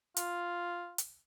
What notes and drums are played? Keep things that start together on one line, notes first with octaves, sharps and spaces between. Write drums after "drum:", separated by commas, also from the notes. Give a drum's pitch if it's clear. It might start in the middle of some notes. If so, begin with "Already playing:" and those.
F4, drum: hi-hat
drum: hi-hat